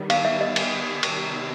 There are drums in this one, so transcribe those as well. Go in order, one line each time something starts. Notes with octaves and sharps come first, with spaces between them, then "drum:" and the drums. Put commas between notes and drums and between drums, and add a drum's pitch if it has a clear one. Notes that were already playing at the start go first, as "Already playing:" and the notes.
Already playing: D#3 G3 B3
F5, drum: cymbal
E5
D#5
drum: cymbal
C3 D#3 G3 B3 D#4, drum: cymbal